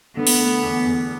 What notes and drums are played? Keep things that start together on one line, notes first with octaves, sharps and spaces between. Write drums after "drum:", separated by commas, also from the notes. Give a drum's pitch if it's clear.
D3 B3
drum: open hi-hat
A3
E2
E2